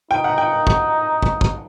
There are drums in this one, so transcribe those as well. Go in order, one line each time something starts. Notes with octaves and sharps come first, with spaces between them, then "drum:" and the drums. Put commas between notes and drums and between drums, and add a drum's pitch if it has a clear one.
D#4 G5
F#5
G5
drum: kick
drum: kick
drum: kick